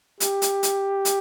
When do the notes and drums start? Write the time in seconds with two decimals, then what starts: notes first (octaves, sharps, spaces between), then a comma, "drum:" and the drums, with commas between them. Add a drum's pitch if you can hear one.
0.20 G4, drum: hi-hat
0.42 drum: hi-hat
0.63 drum: hi-hat
1.05 drum: hi-hat